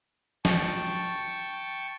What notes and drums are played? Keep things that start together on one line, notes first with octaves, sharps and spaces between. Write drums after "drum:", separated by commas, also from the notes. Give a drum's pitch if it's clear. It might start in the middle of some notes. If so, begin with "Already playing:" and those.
G5 A5 C#6, drum: snare